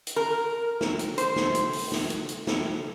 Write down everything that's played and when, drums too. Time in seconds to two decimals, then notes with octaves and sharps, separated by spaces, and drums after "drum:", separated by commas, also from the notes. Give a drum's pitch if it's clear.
0.07 drum: hi-hat
0.16 A#4
0.81 drum: snare
0.99 drum: hi-hat
1.18 C5, drum: hi-hat
1.36 drum: snare
1.55 drum: hi-hat
1.73 drum: open hi-hat
1.92 drum: snare
2.10 drum: hi-hat
2.29 drum: hi-hat
2.47 drum: snare